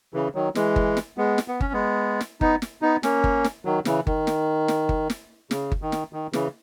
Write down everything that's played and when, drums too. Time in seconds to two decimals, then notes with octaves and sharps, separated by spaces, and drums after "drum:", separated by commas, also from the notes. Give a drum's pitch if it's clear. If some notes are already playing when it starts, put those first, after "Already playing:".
0.14 C#3 E3
0.35 D#3 F#3
0.55 E3 G#3, drum: snare
0.76 drum: kick G1
0.97 drum: snare
1.17 G#3 B3
1.38 drum: snare
1.48 B3
1.61 C#4, drum: kick G1
1.73 G#3 B3
2.21 drum: snare
2.41 B3 D#4, drum: kick G1
2.62 drum: snare
2.82 B3 D#4
3.03 A#3 C#4, drum: snare
3.24 drum: kick G1
3.44 drum: snare
3.65 D#3 F#3
3.85 C#3 E3, drum: snare
4.07 D#3, drum: kick G1
4.27 drum: snare
4.68 drum: snare
4.89 drum: kick G1
5.10 drum: snare
5.51 C#3, drum: snare
5.72 drum: kick G1
5.82 D#3
5.92 drum: snare
6.13 D#3
6.33 C#3 E3, drum: snare